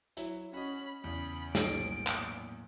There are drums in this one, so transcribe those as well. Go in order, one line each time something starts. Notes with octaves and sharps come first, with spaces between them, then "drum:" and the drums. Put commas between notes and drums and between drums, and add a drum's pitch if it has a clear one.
F#3 E4, drum: hi-hat
C#4 F#4 D#5 B5
E2 C#3 B5
A2 F#3 A#3 D7, drum: snare
drum: clap